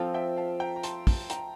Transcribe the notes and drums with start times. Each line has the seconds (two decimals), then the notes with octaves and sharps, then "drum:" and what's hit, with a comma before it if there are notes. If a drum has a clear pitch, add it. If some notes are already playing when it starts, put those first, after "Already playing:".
Already playing: F3 C4 F4 A4
0.14 E5 G5
0.37 F5 A5
0.60 G5 A#5
0.76 A#5
0.83 A5 C6, drum: hi-hat
1.07 drum: kick, open hi-hat
1.30 G5 A#5, drum: hi-hat